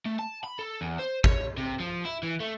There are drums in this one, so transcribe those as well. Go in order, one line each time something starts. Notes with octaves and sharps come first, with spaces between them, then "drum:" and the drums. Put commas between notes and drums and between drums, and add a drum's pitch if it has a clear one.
A3
A5
B5
A4
E2
C5
C#5, drum: kick G#1
C3
F3
E4
E3
A3